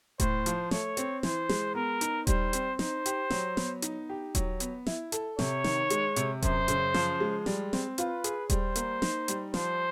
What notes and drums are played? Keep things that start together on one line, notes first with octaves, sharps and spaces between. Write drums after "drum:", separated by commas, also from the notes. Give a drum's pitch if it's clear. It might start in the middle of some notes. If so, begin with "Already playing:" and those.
A2 C5, drum: kick D#1, hi-hat
F3, drum: hi-hat
A3 C#5, drum: snare
C4, drum: hi-hat
E3 C5, drum: snare
G#3, drum: snare
B3 A#4
D#4, drum: hi-hat
G3 C5, drum: kick D#1, hi-hat
C4, drum: hi-hat
D#4 C5, drum: snare
G4, drum: hi-hat
F#3, drum: snare
B3, drum: snare
D#4, drum: hi-hat
G4
F#3, drum: kick D#1, hi-hat
B3, drum: hi-hat
E4, drum: snare
A4, drum: hi-hat
C3 C#5, drum: snare
D#3, drum: snare
G#3, drum: hi-hat
C3, drum: hi-hat
F#2 C5, drum: kick D#1, hi-hat
C#3, drum: hi-hat
F3, drum: snare
G#3
G3, drum: snare
C4, drum: snare
F4 B4, drum: hi-hat
G#4, drum: hi-hat
G3 C5, drum: kick D#1, hi-hat
A#3, drum: hi-hat
D#4, drum: snare
G3, drum: hi-hat
F3 C5, drum: snare